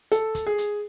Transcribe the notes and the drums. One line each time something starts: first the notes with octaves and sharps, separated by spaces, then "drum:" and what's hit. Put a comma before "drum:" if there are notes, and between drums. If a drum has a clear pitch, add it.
A4, drum: hi-hat
drum: kick, hi-hat
G#4
drum: hi-hat